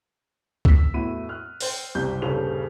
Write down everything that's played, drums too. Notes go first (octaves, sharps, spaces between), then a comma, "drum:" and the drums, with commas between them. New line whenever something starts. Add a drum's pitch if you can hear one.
E6 B6, drum: kick C#2
E2 A2 E4 F#4 B5 D#7
F6 F#6
C5 G5, drum: open hi-hat
F#1 C2 G3 G6
D#1 G2 C#3 A4 F7